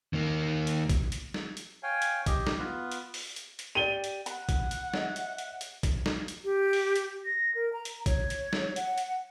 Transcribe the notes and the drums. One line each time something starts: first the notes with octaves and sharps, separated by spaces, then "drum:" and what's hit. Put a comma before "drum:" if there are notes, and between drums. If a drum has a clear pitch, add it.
D#3 A#3
drum: hi-hat
drum: kick, hi-hat
drum: hi-hat
drum: snare
drum: hi-hat
C#5 F5 G5 G#5
drum: hi-hat
G4 D#5, drum: kick, hi-hat
drum: snare
B3 F4 B4
drum: hi-hat
drum: open hi-hat
drum: hi-hat
drum: hi-hat
G4 D5 D#7 G7
drum: hi-hat
F#5 B5, drum: hi-hat
drum: kick, hi-hat
drum: hi-hat
C#5 D#5 E5, drum: snare
drum: hi-hat
drum: hi-hat
drum: hi-hat
drum: kick, hi-hat
drum: snare
drum: hi-hat
G4
drum: open hi-hat
drum: hi-hat
A#6
A#4
A#5
drum: hi-hat
C#5, drum: kick, hi-hat
drum: hi-hat
drum: snare
F#5, drum: hi-hat
drum: hi-hat